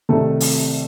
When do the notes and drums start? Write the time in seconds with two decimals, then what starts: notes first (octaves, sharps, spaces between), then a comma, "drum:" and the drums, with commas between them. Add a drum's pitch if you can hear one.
0.09 C2 C3 D#3 A3 A4
0.40 drum: open hi-hat